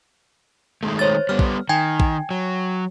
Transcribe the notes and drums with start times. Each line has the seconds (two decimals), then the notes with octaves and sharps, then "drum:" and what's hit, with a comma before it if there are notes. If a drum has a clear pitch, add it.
0.83 D#3 G#3 A3
0.99 C5 C#5 A6
1.29 G3 B3 F6
1.39 drum: kick
1.69 D#3 G5 G#5 G#6
2.00 drum: kick
2.31 F#3